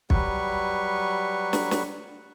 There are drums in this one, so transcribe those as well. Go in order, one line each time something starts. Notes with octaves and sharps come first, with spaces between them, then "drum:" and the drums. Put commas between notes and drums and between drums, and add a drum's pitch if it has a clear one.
F#3 G3 B4 C#6, drum: kick
drum: snare
drum: snare